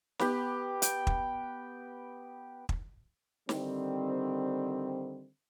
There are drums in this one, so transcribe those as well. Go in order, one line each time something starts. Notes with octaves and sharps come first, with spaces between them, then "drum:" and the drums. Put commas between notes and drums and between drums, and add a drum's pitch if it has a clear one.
B3 G4, drum: snare
G5, drum: hi-hat
drum: kick
drum: kick
D3 D#3 G3 C4, drum: snare